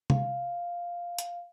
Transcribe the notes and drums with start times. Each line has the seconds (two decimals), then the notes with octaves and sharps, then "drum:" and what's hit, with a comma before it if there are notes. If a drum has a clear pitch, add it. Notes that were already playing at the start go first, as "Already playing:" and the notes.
0.10 F5, drum: tom C3
1.19 drum: hi-hat